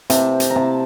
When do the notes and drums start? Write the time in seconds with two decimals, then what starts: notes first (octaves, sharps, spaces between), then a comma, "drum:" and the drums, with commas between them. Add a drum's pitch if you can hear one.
0.10 C3 A5, drum: hi-hat
0.40 drum: hi-hat
0.50 A#5
0.56 C3 A5